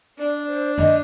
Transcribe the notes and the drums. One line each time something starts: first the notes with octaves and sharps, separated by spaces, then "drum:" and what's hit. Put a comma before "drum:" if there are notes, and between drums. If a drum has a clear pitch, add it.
D4 D5
C5
D#5, drum: tom F#2